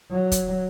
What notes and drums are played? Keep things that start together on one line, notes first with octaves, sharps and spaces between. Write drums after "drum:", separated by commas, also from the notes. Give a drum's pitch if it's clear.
F#3
drum: kick, hi-hat